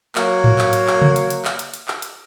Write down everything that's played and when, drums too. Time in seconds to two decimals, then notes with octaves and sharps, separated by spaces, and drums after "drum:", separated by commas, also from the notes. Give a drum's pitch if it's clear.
0.15 F#3 A#3, drum: clap
0.44 drum: tom G#2
0.59 drum: clap
0.73 drum: hi-hat
0.87 drum: clap
1.02 drum: tom C#3
1.16 drum: hi-hat
1.30 drum: hi-hat
1.45 drum: clap
1.59 drum: hi-hat
1.74 drum: hi-hat
1.88 drum: clap
2.02 drum: hi-hat